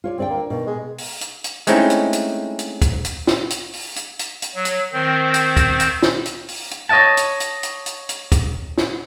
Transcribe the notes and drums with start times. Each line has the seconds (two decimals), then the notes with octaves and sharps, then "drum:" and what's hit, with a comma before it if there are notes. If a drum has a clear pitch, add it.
0.04 F4 C#5 D5
0.18 D2 C4 D5 G5
0.30 A#3
0.50 B2 D#3
0.67 G#3
0.98 drum: open hi-hat
1.21 drum: hi-hat
1.44 drum: hi-hat
1.67 G#3 A3 C4 C#4 D#4 E4, drum: hi-hat
1.90 drum: hi-hat
2.13 drum: hi-hat
2.59 drum: hi-hat
2.82 drum: kick, hi-hat
3.05 drum: hi-hat
3.27 drum: snare
3.50 drum: hi-hat
3.73 drum: open hi-hat
3.96 drum: hi-hat
4.19 drum: hi-hat
4.42 drum: hi-hat
4.55 F#3
4.65 drum: hi-hat
4.93 D#3 C4 C5
5.34 drum: hi-hat
5.57 drum: kick, hi-hat
5.80 drum: hi-hat
6.02 drum: snare
6.25 drum: hi-hat
6.48 drum: open hi-hat
6.71 drum: hi-hat
6.89 C#5 D#5 E5 F#5 A5
7.17 drum: hi-hat
7.40 drum: hi-hat
7.63 drum: hi-hat
7.86 drum: hi-hat
8.09 drum: hi-hat
8.32 drum: kick, hi-hat
8.78 drum: snare